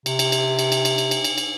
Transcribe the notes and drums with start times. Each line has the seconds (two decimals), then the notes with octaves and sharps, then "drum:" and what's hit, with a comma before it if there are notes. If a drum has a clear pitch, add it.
0.06 C3, drum: cymbal
0.19 drum: cymbal
0.32 drum: cymbal
0.59 drum: cymbal
0.72 drum: cymbal
0.85 drum: cymbal
0.98 drum: cymbal
1.11 drum: cymbal
1.24 drum: cymbal
1.38 drum: cymbal